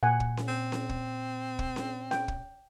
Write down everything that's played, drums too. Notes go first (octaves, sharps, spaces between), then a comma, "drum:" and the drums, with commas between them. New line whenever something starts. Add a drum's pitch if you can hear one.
A#2 F#5 G#5
drum: kick
drum: snare C#4
C4
drum: snare C#4
drum: kick
drum: kick
drum: snare C#4
G5, drum: snare C#4
drum: kick